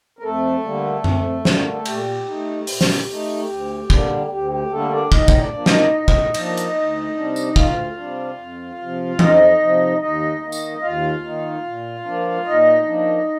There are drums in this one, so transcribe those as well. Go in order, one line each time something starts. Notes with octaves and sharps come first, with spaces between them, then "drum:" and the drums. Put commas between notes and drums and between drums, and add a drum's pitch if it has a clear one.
A#4
F2 A3 A4
D3 G3 A#3
F2, drum: tom F#2
D3 G3 A#3, drum: snare
A#2 G4, drum: cymbal
A3 D#4
A#2, drum: open hi-hat
drum: snare
A3 D#4
D2
D3 G3 A#3 D4, drum: kick
D2 G4
G4
D3 G3 A3 A#3 D4 A4
D4 D5
A2 D#4 D#5, drum: kick
drum: kick
D4 D5
F3 A#3 D4
D#4 D#5, drum: snare
A2
drum: kick
F3 A#3 D4, drum: cymbal
drum: hi-hat
D2
C3 G3 D4
drum: tambourine
D#5
D2 F4 F5, drum: kick
C3 G3 D4
F2
C3 F3
F2 D#4 D#5, drum: tom E3
C3 F3
D#2 D#4 D#5
D#3 A#3 D#4
drum: tambourine
D#2 F4 F5
D#3 A#3 D#4
A#2
F3 A#3 D4
A#2 D#4 D#5
F3 A#3 D4